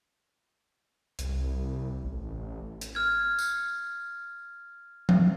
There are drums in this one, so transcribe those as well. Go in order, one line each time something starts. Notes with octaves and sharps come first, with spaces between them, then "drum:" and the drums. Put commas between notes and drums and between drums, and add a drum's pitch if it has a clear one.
C2, drum: hi-hat
A1
drum: hi-hat
F6 G#6
drum: tambourine
drum: tom F3